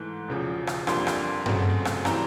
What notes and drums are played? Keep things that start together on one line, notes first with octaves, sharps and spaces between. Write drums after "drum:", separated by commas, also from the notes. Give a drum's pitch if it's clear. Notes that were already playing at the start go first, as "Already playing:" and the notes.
Already playing: G#2 E3 A3
E1 E2 C#3 F3
drum: rim click
F2 D3 G3 A#3 C6, drum: rim click
drum: rim click
F#2 C#3 F#3 A3 C4, drum: tom G2
drum: rim click
E3 G3 C4 A#5, drum: rim click